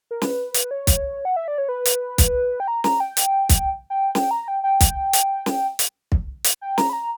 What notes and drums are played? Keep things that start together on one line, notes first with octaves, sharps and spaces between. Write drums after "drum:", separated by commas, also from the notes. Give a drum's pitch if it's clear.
A#4
B4, drum: snare
drum: hi-hat
C#5
drum: kick, hi-hat
F#5
E5
D5
C#5
B4
drum: hi-hat
drum: kick, hi-hat
G5
A#5
A#5, drum: snare
G5
drum: hi-hat
drum: kick, hi-hat
G5
G5, drum: snare
A#5
G5
G5
drum: kick, hi-hat
drum: hi-hat
drum: snare
drum: hi-hat
drum: kick
drum: hi-hat
G5
A#5, drum: snare
B5
A#5